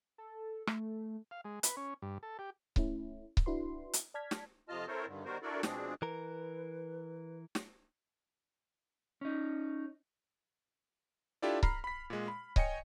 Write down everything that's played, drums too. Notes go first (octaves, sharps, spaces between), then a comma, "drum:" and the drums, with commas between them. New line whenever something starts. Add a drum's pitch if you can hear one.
A4
A3, drum: rim click
F5
G#3
B4, drum: hi-hat
C#4
G2
A4
G4
A3 C#4 E4, drum: kick C#1
drum: kick C#1
D4 E4 F#4 B4 C6
drum: hi-hat
D5 A5 F6 G#6 B6
drum: snare
F2 C3 F4 D#5 A5 F6
C4 E4 A4 A#4 C5 C#5
G2 D3 D#3
D#3 G3 B3 F#4 A#4 C5
D4 E4 F#4 A4 A#4 D5
B2 F3 G#3 C4 D4 G#4, drum: snare
E3 A#4 B4
drum: snare
C#4 D#4
D4 E4 F4 G4 A4 D5
A#5 B5 F6 C7, drum: kick C#1
B5 B6
A#2 G#3
B5
C#5 D#5 G5 G#5 C#7, drum: kick C#1